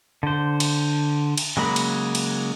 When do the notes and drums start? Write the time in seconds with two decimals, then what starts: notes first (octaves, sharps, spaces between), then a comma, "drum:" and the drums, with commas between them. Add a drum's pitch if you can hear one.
0.23 D3 C5
0.60 drum: cymbal
1.38 drum: cymbal
1.57 C#3 F#3 G#3 A#3 B5
1.76 drum: cymbal
2.15 drum: cymbal